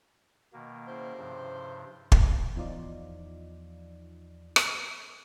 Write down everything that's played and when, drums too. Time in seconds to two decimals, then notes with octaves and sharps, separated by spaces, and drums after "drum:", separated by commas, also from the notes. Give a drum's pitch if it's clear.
0.53 B2 D#3 A#3
0.86 C#3 E4 C5
1.18 G2 C3 F3
2.12 drum: kick
2.56 E2 F3 D#4 F4 D5
4.56 drum: rim click